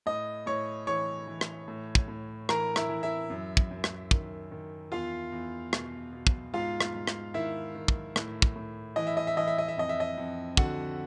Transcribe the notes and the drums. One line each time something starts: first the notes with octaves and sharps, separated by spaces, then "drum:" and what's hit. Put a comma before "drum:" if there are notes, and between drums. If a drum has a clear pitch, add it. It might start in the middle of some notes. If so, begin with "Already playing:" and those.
A2 D#5 D#6
A2 C#5 C#6
E3 C#5 C#6
E3
drum: rim click
A2
drum: kick
A2
E3 A#4 A#5, drum: rim click
E4 E5, drum: rim click
E3
E4 E5
F#2
drum: kick
F#2
drum: rim click
D#3, drum: kick
D#3
E2 F4 F5
E2
B2, drum: rim click
B2
drum: kick
G#2 F4 F5
drum: rim click
G#2
drum: rim click
D#3 E4 E5
D#3
drum: kick
A2, drum: rim click
drum: kick
A2
E3 D#5
E5
D#5
E5
E3 D#5
E5
D#5
E5
F2 D#5
E5
D#5
F2
D3 F#4 F#5, drum: kick